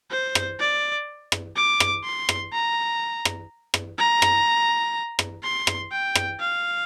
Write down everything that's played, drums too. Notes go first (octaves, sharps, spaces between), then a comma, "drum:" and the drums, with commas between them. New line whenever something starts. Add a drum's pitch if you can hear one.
C5
drum: rim click
D5
drum: rim click
D6
drum: rim click
C6
drum: rim click
A#5
drum: rim click
drum: rim click
A#5
drum: rim click
drum: rim click
C6
drum: rim click
G5
drum: rim click
F5